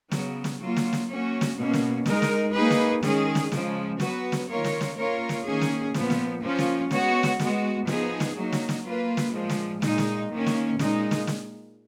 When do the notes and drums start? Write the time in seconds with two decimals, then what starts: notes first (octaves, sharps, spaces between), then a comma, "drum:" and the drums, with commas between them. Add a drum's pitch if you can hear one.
0.11 C#3 F#3 B3, drum: snare
0.44 drum: snare
0.60 F#3 A#3 F4
0.76 drum: snare
0.93 drum: snare
1.09 A#3 C#4 F#4
1.41 drum: snare
1.57 B2 A#3 C#4
1.73 drum: snare
2.06 G#3 D#4 A#4, drum: snare
2.22 drum: snare
2.54 A#3 D#4 G#4 B4
2.70 drum: snare
3.03 D#3 G#3 C#4 G#4, drum: snare
3.35 drum: snare
3.52 C#3 F3 G#3, drum: snare
4.00 F#3 B3 F#4 B4, drum: snare
4.32 drum: snare
4.48 D#3 A#3 F4 A#4 C#5
4.64 drum: snare
4.81 drum: snare
4.97 A#3 C#4 F4 A#4 C#5
5.29 drum: snare
5.45 D#3 A#3 C#4 G#4
5.61 drum: snare
5.94 A#2 F3 B3, drum: snare
6.10 drum: snare
6.43 F3 A#3 C#4 F4
6.58 drum: snare
6.91 G#3 B3 F#4 C#5, drum: snare
7.23 drum: snare
7.39 G#3 B3 F#4, drum: snare
7.87 F3 B3 D#4 G#4, drum: snare
8.20 drum: snare
8.36 F#3 A#3 D#4
8.52 drum: snare
8.69 drum: snare
8.85 A#3 F4 B4
9.17 drum: snare
9.33 A#2 F3 G#3
9.49 drum: snare
9.82 A#2 G#3 D#4, drum: snare
9.98 drum: snare
10.30 D#3 A#3 C#4
10.46 drum: snare
10.79 A#2 G#3 D#4, drum: snare
11.11 drum: snare
11.27 drum: snare